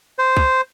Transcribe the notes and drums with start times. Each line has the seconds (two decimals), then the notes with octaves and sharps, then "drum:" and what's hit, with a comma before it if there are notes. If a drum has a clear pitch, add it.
0.19 C5
0.37 drum: kick